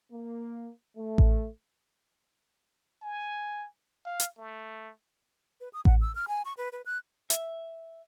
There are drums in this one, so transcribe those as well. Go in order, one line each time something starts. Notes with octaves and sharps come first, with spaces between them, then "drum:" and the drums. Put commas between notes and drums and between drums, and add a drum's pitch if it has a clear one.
A#3
A3
drum: kick A1
G#5
F5
drum: hi-hat
A3
B4
D#6
F#5, drum: kick A1
E6
F6
G#5
C#6
B4
B4
F#6
E5, drum: hi-hat